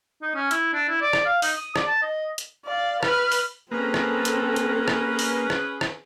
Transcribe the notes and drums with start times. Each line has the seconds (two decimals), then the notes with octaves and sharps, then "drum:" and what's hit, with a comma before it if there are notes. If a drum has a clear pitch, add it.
0.22 D#4
0.35 C#4
0.51 E4, drum: hi-hat
0.74 D4
0.89 E4
1.02 D5
1.13 drum: rim click
1.26 F5
1.42 D#4, drum: open hi-hat
1.56 D#6
1.76 D5, drum: rim click
1.88 A5
2.02 D#5
2.38 drum: hi-hat
2.66 D5 F5
3.03 B4 F6, drum: rim click
3.32 drum: open hi-hat
3.71 A#3 C4 C#4 G#4 A4 B4
3.94 drum: rim click
4.25 drum: hi-hat
4.56 drum: hi-hat
4.88 drum: rim click
5.19 drum: open hi-hat
5.50 drum: rim click
5.81 drum: rim click